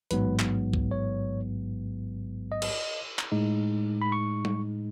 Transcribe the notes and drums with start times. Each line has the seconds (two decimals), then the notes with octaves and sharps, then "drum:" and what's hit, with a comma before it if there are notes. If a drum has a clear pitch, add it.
0.11 A1 G#2 F#3 B3 B4, drum: hi-hat
0.39 drum: clap
0.74 drum: kick C2
0.91 C#5
2.52 D#5
2.62 drum: cymbal
3.19 drum: clap
3.32 A2 G#3 D#4
4.02 B5
4.12 C#6
4.45 drum: tom G3